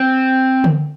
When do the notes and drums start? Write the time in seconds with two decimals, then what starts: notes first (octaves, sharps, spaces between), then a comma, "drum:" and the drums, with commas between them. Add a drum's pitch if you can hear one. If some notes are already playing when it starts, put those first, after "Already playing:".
Already playing: C4
0.64 drum: tom D3